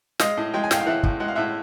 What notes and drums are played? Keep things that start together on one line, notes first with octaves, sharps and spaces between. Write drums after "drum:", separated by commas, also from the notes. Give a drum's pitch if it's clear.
G#3 D#5 F5, drum: snare
A2
G#3 G5
G#5
A2 F5 G5, drum: snare
F5
E3 E5 F#5
A2, drum: kick
G#3 F#5
F5
A2 E5 F#5